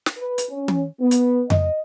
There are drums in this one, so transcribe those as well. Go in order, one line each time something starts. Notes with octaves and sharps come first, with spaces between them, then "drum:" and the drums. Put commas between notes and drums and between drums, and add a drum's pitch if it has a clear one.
drum: snare
B4
drum: hi-hat
C#4
drum: tom E3
B3
drum: hi-hat
D#5, drum: tom F2